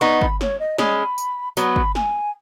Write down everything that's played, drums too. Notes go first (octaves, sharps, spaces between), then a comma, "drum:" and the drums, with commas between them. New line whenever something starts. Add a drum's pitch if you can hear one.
B3 D#4 C#6
B5, drum: kick G1
C#5, drum: snare
D#5
G#3 C#4 B5, drum: snare
drum: tambourine
F#3 B3 B5, drum: tambourine
drum: kick G1
G#5, drum: snare